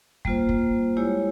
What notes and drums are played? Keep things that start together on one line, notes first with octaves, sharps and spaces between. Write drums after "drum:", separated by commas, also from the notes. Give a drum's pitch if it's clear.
G3 A#3 F4 C5, drum: kick
drum: kick
G#3 E4 G4 C#5